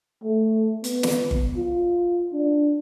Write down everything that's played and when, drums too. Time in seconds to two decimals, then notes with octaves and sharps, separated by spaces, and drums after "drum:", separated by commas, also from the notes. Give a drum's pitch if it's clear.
0.24 A3
0.84 B3, drum: hi-hat
1.03 drum: snare
1.31 drum: kick G1
1.57 F4
2.33 D4